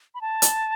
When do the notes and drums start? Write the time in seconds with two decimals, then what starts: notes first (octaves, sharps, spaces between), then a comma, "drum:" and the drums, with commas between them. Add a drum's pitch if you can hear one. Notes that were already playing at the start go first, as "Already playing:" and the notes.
0.15 B5
0.21 A5
0.42 drum: hi-hat